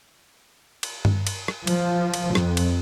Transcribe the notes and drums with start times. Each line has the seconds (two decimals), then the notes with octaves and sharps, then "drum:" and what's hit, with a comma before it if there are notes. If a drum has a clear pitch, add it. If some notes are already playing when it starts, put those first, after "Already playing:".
0.83 drum: cymbal
1.05 drum: tom G2
1.27 drum: cymbal
1.48 drum: rim click
1.67 F3, drum: cymbal
2.14 drum: cymbal
2.35 F2, drum: rim click
2.57 drum: cymbal